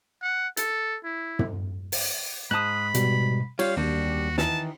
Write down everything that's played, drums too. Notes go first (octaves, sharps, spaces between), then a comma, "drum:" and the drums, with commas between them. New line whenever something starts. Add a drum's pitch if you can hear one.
F#5
A4, drum: hi-hat
E4
drum: tom
drum: open hi-hat
G#2 A5 B5 D#6 F#6
B2 G3, drum: hi-hat
G3 F4 C#5 F5, drum: cymbal
D#2 G3 D4 F#4
D#3 E3 A5, drum: snare